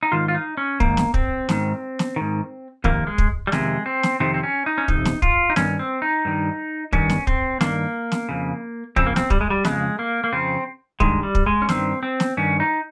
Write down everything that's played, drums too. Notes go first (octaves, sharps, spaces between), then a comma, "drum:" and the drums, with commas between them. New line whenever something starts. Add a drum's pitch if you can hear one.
D#4
G#2 D#3 F4
F4
D#4
C#4
G#2 D#3 A#3, drum: kick
drum: snare
C4, drum: kick
G#2 D#3, drum: snare
drum: snare
G#2 D#3
F2 C3 D#3 A#3, drum: kick
G#3
drum: kick
G3
F2 C3 D#3 G#3, drum: snare
C4
drum: snare
F2 C3 D#3 C4
C4
C#4
D#4
C#4
F2 C3 D#4, drum: kick
drum: snare
F4, drum: kick
D#4
G2 D#3 C#4, drum: snare
C4
D#4
G2 D#3
G2 D#3 C#4, drum: kick
drum: snare
C4, drum: kick
G2 D#3 A#3, drum: snare
drum: snare
F2 C#3
F2 C#3 C4, drum: kick
A#3
C4, drum: snare
G3, drum: kick
G#3
G3
F2 C#3 G#3, drum: snare
A#3
A#3
F2 C#3 C4
G2 D#3 G#3, drum: kick
G3
drum: kick
G#3
C#4
G2 D#3 C4, drum: snare
C4
drum: snare
G2 D#3 C#4
D#4